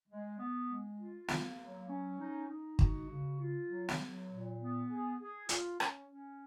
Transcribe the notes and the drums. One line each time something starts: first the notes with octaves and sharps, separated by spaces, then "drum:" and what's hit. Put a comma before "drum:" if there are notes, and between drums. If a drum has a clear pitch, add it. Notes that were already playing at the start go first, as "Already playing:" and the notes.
G#3
B3
G#3
F4
A#3, drum: snare
F#3
C#4
D#4
D#4
F#4, drum: kick
C#3
F4
F#3
drum: snare
F#3
A#2
B3
G#4
G#4
F4, drum: hi-hat
C#4, drum: rim click
C#4